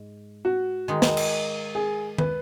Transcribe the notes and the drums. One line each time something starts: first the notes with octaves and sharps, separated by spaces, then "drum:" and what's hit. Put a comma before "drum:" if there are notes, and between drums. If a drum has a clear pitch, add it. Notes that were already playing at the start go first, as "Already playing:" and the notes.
Already playing: G#2
F#4
D#3 G#3 D#4
drum: snare
drum: cymbal
G#4
B4, drum: tom D#3